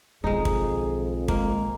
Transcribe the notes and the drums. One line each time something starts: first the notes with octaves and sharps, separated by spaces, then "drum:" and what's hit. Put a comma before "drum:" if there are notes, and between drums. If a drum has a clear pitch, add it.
B1 F2 D#3 G#3 D#4 G#4
drum: kick
G#3 A#3, drum: kick